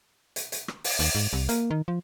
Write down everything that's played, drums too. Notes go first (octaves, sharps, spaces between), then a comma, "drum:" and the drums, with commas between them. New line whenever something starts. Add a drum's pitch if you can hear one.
drum: hi-hat
drum: hi-hat
drum: rim click
drum: open hi-hat
D#2, drum: open hi-hat
G#2
C2
A#3, drum: hi-hat
D#3
F3